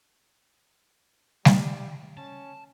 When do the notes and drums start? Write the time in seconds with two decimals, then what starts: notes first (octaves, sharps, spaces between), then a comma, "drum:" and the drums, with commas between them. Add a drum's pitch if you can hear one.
1.45 G3, drum: snare G3
2.17 C#4 A5